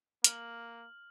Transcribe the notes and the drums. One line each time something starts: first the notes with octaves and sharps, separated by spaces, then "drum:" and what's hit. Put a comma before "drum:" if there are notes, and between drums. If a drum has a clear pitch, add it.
A#3 F6 F#7, drum: hi-hat